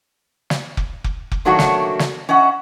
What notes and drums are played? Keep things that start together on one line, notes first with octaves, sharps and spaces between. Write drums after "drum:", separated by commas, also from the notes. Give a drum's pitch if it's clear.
drum: snare
drum: kick F1
drum: kick F1
drum: kick F1
A#2 D#3 F#3 A3 D4 F#4
drum: snare
drum: snare
C#4 D#5 E5 F#5